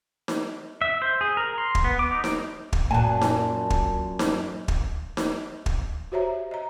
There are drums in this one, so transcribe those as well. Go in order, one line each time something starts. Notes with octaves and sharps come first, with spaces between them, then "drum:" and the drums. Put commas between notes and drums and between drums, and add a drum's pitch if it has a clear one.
drum: snare D#4
E5
C5
G#4
A#4
C6
drum: kick
B3
D6
D#4
drum: snare D#4
drum: kick
F#2 A#2 G#5 A5
drum: snare D#4
drum: kick
drum: snare D#4
drum: kick
drum: snare D#4
drum: kick
F#4 G4 C5 C#5 E5 A#5
D#5 A#5